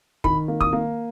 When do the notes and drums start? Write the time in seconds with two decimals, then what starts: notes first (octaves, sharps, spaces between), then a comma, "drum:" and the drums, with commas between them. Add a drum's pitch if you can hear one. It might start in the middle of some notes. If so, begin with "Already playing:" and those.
0.24 D#3 B5, drum: kick
0.48 A#3
0.61 D#6, drum: kick
0.73 A#3